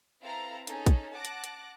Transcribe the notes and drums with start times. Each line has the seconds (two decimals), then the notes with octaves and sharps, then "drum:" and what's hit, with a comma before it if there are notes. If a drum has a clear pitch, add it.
0.21 C4 E4 A4 B4 F5 A#5
0.67 C#4 D#4 G#4 A4, drum: hi-hat
0.86 drum: kick, hi-hat
1.12 F#5 A5 D6 F#6 A#6
1.25 drum: hi-hat
1.44 drum: hi-hat